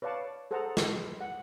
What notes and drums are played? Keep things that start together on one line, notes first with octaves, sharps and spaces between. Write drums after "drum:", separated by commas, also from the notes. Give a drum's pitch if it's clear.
B4 C#5 D5 F5 A5 C#6
G#4 A4 C5 F#5 A5 A#5
drum: snare
F#5